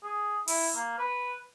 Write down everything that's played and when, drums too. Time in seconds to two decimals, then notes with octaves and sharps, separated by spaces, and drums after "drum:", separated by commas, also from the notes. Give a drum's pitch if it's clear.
0.04 G#4
0.48 E4, drum: open hi-hat
0.76 A#3
0.99 B4